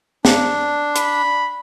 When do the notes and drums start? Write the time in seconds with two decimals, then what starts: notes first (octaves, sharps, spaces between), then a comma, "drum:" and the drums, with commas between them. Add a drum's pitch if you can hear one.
0.25 D4, drum: snare
0.96 B5, drum: hi-hat